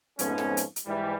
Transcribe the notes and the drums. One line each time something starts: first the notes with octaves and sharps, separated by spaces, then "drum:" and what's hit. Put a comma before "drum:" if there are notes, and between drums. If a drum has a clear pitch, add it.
F2 G#2 F3 A3 B3 C#4, drum: hi-hat
drum: snare
drum: hi-hat
drum: hi-hat
G#2 E3 G3